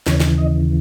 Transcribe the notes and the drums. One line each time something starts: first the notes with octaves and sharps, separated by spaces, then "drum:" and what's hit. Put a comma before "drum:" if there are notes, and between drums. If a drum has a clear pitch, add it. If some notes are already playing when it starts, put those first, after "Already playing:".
D#2 C#3 E3 C#5, drum: snare
drum: snare
D#5